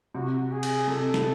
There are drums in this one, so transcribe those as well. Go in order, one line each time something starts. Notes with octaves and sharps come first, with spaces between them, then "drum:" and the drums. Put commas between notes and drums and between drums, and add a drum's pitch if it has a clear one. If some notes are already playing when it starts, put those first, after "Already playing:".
C3 F#4
G#4
drum: cymbal
C3 A4
C3, drum: snare